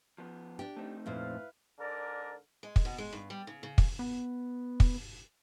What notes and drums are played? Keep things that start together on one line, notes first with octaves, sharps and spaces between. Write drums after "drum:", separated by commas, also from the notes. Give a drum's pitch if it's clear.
F3 B3
D4 G4
A3 C4 D#4
F2 A#2 E4 B4 C5 F5
G#2 D3 A#4 D5
G#3
drum: kick
B2
G#3
G2
G3
C#3
C#3
drum: kick
B3
drum: kick